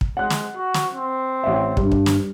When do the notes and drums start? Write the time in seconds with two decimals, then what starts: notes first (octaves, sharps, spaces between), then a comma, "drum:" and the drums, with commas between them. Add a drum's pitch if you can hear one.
0.01 drum: kick
0.17 G#3 F#5 F#6
0.30 drum: snare
0.55 F#4
0.74 drum: snare
0.95 C4
1.44 A1 E5
1.77 G2 G3, drum: kick
1.92 drum: kick
2.06 drum: snare